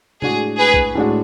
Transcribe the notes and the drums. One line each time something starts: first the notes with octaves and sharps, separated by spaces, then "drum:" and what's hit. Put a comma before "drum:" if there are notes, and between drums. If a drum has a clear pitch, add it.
A2 G#3 D4 F#4 G#4, drum: tom
G#4 B4
drum: kick B1
A2 G#3 D4 F#4